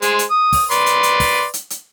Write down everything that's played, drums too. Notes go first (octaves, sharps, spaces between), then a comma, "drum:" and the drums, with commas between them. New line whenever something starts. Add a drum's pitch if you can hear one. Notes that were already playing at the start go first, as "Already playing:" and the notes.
G#3 C5, drum: hi-hat
drum: hi-hat
D#6
drum: kick, open hi-hat
B4 D5 C6, drum: hi-hat
drum: hi-hat
drum: hi-hat
drum: kick, open hi-hat
drum: hi-hat
drum: hi-hat